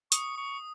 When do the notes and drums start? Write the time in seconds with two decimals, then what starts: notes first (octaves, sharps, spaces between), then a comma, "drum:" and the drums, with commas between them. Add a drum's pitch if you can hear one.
0.12 C#6 D#6, drum: hi-hat
0.38 C#6